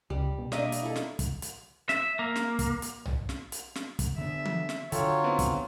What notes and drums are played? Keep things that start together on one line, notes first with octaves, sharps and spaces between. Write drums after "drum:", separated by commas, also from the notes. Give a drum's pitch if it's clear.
C#2 G3
B2
A#3 D4 D#5 E5, drum: snare
drum: hi-hat
E4 A4
drum: snare
drum: kick, hi-hat
drum: hi-hat
E5, drum: snare
A#3
drum: snare
drum: kick, hi-hat
drum: hi-hat
drum: tom B1
drum: snare
drum: hi-hat
drum: snare
drum: kick, hi-hat
D3 B3 E5
drum: tom E3
drum: snare
D3 F#3 F4 A4 C#5 G5, drum: hi-hat
B3 C4 E4
drum: kick, hi-hat